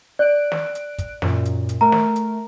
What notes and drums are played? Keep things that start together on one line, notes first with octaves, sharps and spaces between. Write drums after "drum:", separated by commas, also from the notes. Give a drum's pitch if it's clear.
D5 F#6 D7
drum: snare
drum: hi-hat
drum: kick, hi-hat
F#2 A#2, drum: snare
drum: hi-hat
drum: hi-hat
A3 A#4 A#5
drum: snare
drum: hi-hat